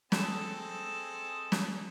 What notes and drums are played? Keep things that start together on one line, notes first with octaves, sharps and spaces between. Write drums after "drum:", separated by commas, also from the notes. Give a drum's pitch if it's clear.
C4 G#4 A4 D#5, drum: snare
drum: snare